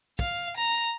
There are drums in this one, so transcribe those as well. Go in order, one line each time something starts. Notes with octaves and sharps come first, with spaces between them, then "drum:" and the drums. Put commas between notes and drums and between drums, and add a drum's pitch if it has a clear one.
F5, drum: kick
A#5